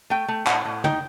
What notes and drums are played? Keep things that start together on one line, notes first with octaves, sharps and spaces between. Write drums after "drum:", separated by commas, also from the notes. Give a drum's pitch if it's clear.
A3 G5
A3
A2 F#5, drum: clap
A2
D#4 G5, drum: tom